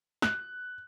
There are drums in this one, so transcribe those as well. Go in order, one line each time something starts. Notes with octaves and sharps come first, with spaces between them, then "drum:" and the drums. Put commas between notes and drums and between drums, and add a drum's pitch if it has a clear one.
F#6, drum: snare